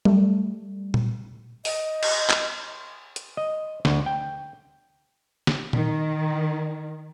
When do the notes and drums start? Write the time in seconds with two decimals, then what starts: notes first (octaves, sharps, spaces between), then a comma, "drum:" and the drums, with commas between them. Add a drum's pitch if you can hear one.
0.05 G3 A3, drum: tom F#3
0.94 drum: tom A#2
1.65 D#5, drum: open hi-hat
2.03 drum: cymbal
2.30 drum: clap
3.16 drum: hi-hat
3.37 D#5
3.85 D2, drum: snare
4.06 G5
5.47 drum: snare
5.73 D#3, drum: tom A#2